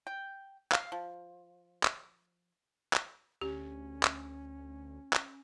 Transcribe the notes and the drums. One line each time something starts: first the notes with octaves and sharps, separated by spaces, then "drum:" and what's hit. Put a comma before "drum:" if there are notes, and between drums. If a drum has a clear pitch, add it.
G5
F5, drum: clap
F3
drum: clap
drum: clap
D2 C#4 G4
drum: clap
drum: clap